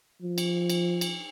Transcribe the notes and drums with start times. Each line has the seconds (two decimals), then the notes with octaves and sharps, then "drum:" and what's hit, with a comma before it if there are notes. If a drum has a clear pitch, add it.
0.22 F3
0.38 drum: cymbal
0.70 drum: cymbal
1.01 drum: cymbal